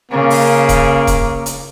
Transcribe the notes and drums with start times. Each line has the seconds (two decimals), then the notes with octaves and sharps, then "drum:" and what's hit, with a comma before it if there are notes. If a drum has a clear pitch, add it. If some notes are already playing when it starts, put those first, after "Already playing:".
0.11 C#3 A#3
0.30 drum: open hi-hat
0.69 drum: kick D#1, hi-hat
1.07 drum: kick D#1, hi-hat
1.46 drum: hi-hat